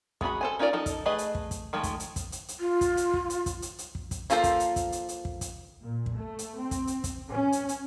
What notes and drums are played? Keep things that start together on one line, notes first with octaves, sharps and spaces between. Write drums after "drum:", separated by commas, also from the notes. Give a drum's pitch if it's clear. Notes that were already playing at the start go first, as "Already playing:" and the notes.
G#3 B3 F#4 B5, drum: kick
A4 C5 G#5
C#4 D#4 F4 A#4 D5
F3 D#4 A4
drum: kick, hi-hat
A3 G#4 B4 D#5
drum: hi-hat
drum: kick
drum: kick, hi-hat
D#3 F3 G#3 A3
drum: kick, hi-hat
drum: hi-hat
drum: kick, hi-hat
drum: hi-hat
drum: hi-hat
F4
drum: kick, hi-hat
drum: hi-hat
drum: kick
drum: hi-hat
drum: kick, hi-hat
drum: hi-hat
drum: hi-hat
drum: kick
drum: kick, hi-hat
F3 A#3 F4 A4 C5, drum: hi-hat
drum: kick, hi-hat
drum: hi-hat
drum: kick, hi-hat
drum: hi-hat
drum: hi-hat
drum: kick
drum: kick, hi-hat
A#2
drum: kick
A3
drum: hi-hat
C4
drum: kick, hi-hat
drum: hi-hat
drum: kick, hi-hat
C#4
drum: hi-hat
drum: hi-hat